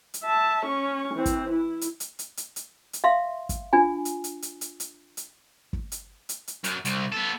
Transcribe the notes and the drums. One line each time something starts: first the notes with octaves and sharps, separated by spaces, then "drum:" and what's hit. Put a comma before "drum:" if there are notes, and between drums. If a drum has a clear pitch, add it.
drum: hi-hat
E5 A5
C#4 C#6
E3 C4
drum: kick, hi-hat
E4
drum: hi-hat
drum: hi-hat
drum: hi-hat
drum: hi-hat
drum: hi-hat
drum: hi-hat
E5 F5 C6
drum: kick, hi-hat
D4 F4 G#5
drum: hi-hat
drum: hi-hat
drum: hi-hat
drum: hi-hat
drum: hi-hat
drum: hi-hat
drum: kick
drum: hi-hat
drum: hi-hat
drum: hi-hat
F#2, drum: hi-hat
C2, drum: hi-hat
B3 A4